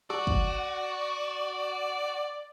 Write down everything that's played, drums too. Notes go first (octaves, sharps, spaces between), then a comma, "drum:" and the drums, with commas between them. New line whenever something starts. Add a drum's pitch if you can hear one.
F#4 D5, drum: rim click
drum: kick